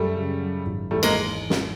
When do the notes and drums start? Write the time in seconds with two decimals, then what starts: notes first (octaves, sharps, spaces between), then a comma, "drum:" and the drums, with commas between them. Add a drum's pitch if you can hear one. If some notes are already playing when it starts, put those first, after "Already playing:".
Already playing: F#2 G3 A3
0.16 C#3
0.41 F#3
0.66 G#1
0.91 E2 G3 A3
1.03 G#3 A#3, drum: cymbal
1.50 drum: snare